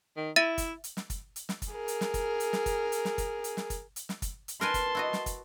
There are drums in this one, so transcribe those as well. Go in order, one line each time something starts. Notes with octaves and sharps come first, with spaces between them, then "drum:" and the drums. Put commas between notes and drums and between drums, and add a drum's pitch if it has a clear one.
D#3
E4 E5 A6 D#7
drum: kick, hi-hat
drum: hi-hat
drum: snare
drum: kick, hi-hat
drum: hi-hat
drum: snare
drum: kick, hi-hat
G#4 A#4
drum: hi-hat
drum: snare
drum: kick, hi-hat
drum: hi-hat
drum: snare
drum: kick, hi-hat
drum: hi-hat
drum: snare
drum: kick, hi-hat
drum: hi-hat
drum: snare
drum: kick, hi-hat
drum: hi-hat
drum: snare
drum: kick, hi-hat
drum: hi-hat
A#4 B4 G#5 A5 C6, drum: snare
drum: kick, hi-hat
E4 F#4 D#5
drum: snare
drum: kick, hi-hat